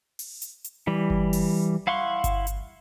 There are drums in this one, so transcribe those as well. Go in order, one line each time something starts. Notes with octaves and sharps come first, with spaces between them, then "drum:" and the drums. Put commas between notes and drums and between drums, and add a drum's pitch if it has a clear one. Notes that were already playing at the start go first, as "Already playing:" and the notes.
drum: open hi-hat
drum: hi-hat
drum: hi-hat
E3 G3
drum: kick G1
drum: open hi-hat
E4 F5 F#5 C6 C#6
drum: kick G1, hi-hat
drum: hi-hat